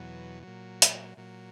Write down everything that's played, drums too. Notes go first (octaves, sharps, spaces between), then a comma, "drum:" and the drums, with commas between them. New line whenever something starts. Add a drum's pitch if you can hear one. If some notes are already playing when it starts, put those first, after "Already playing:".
Already playing: E2 B2 F#3
A#2 F#3
drum: hi-hat
A#2 F#3